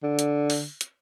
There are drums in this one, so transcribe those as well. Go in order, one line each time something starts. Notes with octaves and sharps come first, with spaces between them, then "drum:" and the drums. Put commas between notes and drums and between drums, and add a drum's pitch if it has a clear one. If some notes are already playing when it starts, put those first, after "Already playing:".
D3
drum: hi-hat
drum: open hi-hat
drum: hi-hat